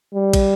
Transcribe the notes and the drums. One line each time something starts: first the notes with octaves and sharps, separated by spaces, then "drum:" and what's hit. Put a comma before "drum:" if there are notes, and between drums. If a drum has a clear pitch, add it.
G3
drum: kick, cymbal